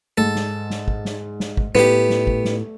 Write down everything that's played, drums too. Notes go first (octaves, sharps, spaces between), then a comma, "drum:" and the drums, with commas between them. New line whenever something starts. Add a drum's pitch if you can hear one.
G#2 A4
drum: snare
drum: snare
drum: kick
drum: snare
drum: snare
drum: kick
A2 A3 B3 G4, drum: snare
drum: snare
drum: kick
drum: snare